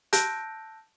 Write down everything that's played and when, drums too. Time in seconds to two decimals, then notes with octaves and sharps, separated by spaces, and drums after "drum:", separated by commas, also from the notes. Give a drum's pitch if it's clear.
0.13 A5 E6 F#6 G6 A#6 D7, drum: hi-hat